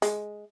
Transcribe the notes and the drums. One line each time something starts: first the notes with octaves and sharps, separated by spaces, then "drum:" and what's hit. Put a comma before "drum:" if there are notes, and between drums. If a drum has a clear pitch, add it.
G#3, drum: hi-hat